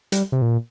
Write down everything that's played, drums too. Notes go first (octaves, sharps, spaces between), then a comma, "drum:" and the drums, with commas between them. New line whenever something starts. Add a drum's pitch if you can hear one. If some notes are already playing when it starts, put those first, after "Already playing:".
G3, drum: hi-hat
C3
A#2